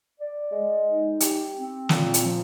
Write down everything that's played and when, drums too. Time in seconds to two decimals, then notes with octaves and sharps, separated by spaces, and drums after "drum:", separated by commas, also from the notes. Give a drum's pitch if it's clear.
0.19 D5
0.52 G#3
0.86 D#4
1.20 G4, drum: hi-hat
1.55 C4
1.89 A#2, drum: snare
2.14 drum: hi-hat
2.23 F3